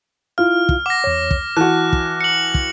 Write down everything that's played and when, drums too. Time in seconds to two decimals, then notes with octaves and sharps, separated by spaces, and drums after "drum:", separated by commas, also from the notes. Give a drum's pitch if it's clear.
0.38 E4 F4 F5 F6
0.69 drum: kick
0.86 F#5 D6 A#6
1.04 E2 C#5
1.31 drum: kick
1.57 E3 F#4 A5 F#6
1.93 drum: kick
2.21 C#7 F#7
2.54 drum: kick